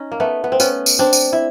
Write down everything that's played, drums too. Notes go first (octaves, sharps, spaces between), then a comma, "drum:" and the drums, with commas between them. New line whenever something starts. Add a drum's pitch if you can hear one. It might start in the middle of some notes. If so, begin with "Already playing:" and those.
Already playing: C#4 D#4
A#3
A3 B3
B3
C4
B3 C#4, drum: tambourine
drum: tambourine
C4 D4
drum: tambourine
E4